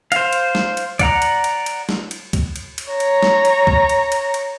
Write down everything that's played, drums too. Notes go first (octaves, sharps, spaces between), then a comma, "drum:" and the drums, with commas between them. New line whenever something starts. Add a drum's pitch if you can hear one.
C5 F5, drum: cymbal
drum: cymbal
drum: snare
drum: cymbal
D5 F#5 A#5, drum: kick, cymbal
drum: cymbal
drum: cymbal
drum: cymbal
drum: snare
drum: cymbal
drum: kick, cymbal
drum: cymbal
drum: cymbal
C#5 A#5
drum: cymbal
drum: snare
drum: cymbal
drum: kick
drum: cymbal
drum: cymbal
drum: cymbal